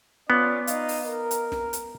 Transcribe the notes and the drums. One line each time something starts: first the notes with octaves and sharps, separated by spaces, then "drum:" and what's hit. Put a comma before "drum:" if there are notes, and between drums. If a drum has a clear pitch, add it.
B3 C#4 F4 D5
D#4 D#5 F5, drum: hi-hat
drum: open hi-hat
A#4
drum: hi-hat
drum: snare
drum: hi-hat